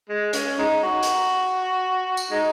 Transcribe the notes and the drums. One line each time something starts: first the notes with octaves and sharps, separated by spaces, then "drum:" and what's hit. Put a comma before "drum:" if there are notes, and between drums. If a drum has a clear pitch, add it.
G#3
C#4, drum: hi-hat
G#3 D#4
F#4
drum: hi-hat
drum: tambourine
G#3 D#4